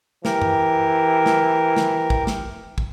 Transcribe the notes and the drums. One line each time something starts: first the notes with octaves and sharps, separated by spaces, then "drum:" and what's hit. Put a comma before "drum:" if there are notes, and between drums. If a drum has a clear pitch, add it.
E3 G4 A#4, drum: snare
drum: tom F#2
drum: snare
drum: snare
drum: kick
drum: snare
drum: kick